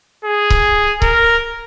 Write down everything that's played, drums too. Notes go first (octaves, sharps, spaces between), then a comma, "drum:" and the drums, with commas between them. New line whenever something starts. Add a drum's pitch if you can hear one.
G#4
drum: kick C#1
A#4, drum: kick C#1